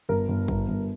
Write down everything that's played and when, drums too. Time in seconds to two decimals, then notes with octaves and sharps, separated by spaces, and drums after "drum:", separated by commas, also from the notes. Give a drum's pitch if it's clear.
0.09 G1 A#4
0.28 G1
0.48 G1, drum: kick
0.68 G1